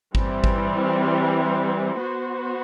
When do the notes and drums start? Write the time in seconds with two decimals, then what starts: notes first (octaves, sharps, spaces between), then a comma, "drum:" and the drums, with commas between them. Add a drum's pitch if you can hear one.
0.15 E3 G3 C4, drum: kick G#1
0.44 drum: kick G#1
1.99 B3 F#4 C5